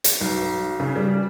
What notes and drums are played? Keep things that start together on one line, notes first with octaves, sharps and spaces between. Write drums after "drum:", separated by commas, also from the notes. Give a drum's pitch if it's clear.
drum: hi-hat
B1
C#3
G3